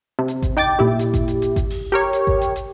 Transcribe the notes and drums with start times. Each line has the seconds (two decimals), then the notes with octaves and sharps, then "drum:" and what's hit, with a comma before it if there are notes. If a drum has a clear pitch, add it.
0.19 C3
0.28 drum: hi-hat
0.42 drum: kick G#1, hi-hat
0.57 D#4 G5 D6 A6
0.79 A#2 E4 G4
0.99 drum: hi-hat
1.13 drum: kick G#1, hi-hat
1.28 drum: hi-hat
1.42 drum: hi-hat
1.56 drum: kick G#1, hi-hat
1.70 drum: open hi-hat
1.92 G4 A#4 C#5
2.13 drum: hi-hat
2.27 drum: kick G#1
2.41 drum: hi-hat
2.56 drum: hi-hat